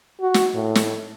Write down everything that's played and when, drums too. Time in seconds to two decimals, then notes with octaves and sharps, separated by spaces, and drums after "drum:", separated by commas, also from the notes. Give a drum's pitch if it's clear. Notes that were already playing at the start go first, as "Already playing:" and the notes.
0.21 F#4
0.34 drum: snare
0.55 A2
0.75 drum: snare